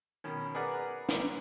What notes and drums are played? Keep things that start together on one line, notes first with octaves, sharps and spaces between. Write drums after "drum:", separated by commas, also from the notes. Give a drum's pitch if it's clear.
B2 D#3 C#4
G#4 A#4 B4 D5 F#5 F#6
drum: snare